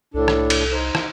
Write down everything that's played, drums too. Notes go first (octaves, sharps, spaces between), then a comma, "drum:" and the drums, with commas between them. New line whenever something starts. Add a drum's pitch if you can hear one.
C2 A2 D4 A4
drum: rim click
drum: cymbal
D#4 C5
drum: rim click